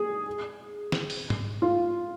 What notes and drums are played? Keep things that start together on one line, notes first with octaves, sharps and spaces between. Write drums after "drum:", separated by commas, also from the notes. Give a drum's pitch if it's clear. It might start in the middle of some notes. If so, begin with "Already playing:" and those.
Already playing: G#4
drum: snare
drum: open hi-hat
drum: tom G#2
F4